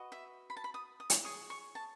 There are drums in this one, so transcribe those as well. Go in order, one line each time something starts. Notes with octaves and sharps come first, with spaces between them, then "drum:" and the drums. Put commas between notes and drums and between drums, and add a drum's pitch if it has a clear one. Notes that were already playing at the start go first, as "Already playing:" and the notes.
Already playing: F#4 B4 D#5
E5
B5
A5
B5
D#6
D#6
drum: hi-hat
G#4 C#5 D#6
C#6
A5